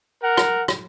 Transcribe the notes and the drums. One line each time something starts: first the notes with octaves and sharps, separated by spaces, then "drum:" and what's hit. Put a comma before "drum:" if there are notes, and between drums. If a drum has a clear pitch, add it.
A#4 F#5
drum: rim click
drum: rim click